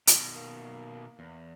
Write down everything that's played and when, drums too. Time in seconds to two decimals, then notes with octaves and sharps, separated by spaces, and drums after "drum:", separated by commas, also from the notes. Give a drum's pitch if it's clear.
0.07 B2 D#3, drum: hi-hat
0.35 A#3
1.19 E2